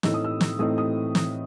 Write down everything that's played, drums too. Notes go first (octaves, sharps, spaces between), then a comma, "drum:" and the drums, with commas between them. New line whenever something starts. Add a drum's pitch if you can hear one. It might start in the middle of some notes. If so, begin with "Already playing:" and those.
A2 E3 A3 C4 D#4 E6, drum: snare
D#6
E6
drum: snare
A2 E3 A3 C4 D#4 D#6
D#6
drum: snare